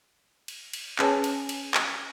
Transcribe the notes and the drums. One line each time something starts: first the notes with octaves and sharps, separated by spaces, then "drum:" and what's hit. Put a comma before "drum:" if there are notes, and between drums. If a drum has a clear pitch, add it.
drum: cymbal
drum: cymbal
C#4 G#4 B4 C#5 G#5 A5, drum: clap
drum: cymbal
drum: cymbal
drum: clap